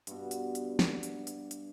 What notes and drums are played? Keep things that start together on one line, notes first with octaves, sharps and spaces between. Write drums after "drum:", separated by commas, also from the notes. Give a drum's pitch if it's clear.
G2 B2, drum: hi-hat
drum: hi-hat
drum: hi-hat
drum: snare
drum: hi-hat
drum: hi-hat
drum: hi-hat